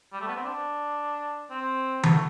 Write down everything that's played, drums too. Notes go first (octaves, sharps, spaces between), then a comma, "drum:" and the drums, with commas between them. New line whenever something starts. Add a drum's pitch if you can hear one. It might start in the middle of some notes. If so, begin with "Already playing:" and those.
G3
A3
B3
C4
D4
C4
B3, drum: tom D#3
A3